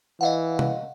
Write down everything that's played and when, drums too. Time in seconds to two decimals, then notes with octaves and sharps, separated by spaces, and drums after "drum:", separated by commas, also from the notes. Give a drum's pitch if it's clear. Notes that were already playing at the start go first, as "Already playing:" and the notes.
0.21 E3 D#5 F5 F#5
0.59 drum: tom